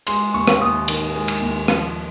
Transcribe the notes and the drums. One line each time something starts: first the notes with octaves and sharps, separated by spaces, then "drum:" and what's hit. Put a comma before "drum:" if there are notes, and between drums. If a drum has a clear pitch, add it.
G#3 C6, drum: cymbal
D#2 C#6
drum: rim click
D#2 D#6
D#3, drum: cymbal
G#3
drum: cymbal
D#2
F3, drum: rim click